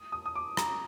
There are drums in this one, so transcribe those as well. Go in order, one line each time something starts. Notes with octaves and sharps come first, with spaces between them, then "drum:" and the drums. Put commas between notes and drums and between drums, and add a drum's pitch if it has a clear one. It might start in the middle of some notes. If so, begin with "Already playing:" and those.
Already playing: D#6
D#6
D#6
D6
A#5, drum: rim click